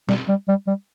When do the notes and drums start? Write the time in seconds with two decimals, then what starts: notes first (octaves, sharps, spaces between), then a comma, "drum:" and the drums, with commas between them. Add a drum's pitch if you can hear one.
0.09 G3, drum: snare
0.28 G3
0.48 G3
0.67 G3